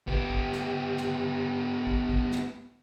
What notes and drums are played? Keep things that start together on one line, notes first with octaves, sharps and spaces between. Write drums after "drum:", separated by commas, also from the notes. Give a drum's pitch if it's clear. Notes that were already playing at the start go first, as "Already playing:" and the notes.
B3 G4, drum: kick
drum: kick
drum: snare
drum: snare
drum: kick
drum: kick
drum: snare